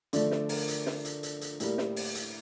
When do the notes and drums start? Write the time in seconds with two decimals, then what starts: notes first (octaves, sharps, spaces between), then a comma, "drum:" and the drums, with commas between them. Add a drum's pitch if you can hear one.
0.13 D3 F3 A3 D5, drum: hi-hat
0.31 drum: snare
0.49 A#4, drum: open hi-hat
0.68 drum: hi-hat
0.86 drum: snare
1.05 drum: hi-hat
1.23 drum: hi-hat
1.41 drum: hi-hat
1.60 A2 G3 A#3, drum: hi-hat
1.78 drum: snare
1.96 drum: open hi-hat
2.15 drum: hi-hat